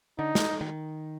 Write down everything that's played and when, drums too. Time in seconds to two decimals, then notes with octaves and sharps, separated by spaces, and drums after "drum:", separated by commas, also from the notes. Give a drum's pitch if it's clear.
0.19 D3 D#4
0.35 drum: snare
0.61 D#3